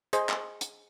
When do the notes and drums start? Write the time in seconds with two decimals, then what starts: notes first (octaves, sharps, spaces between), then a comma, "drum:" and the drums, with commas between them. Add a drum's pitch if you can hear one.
0.13 G#4 C5 D#5, drum: hi-hat
0.29 drum: clap
0.61 drum: hi-hat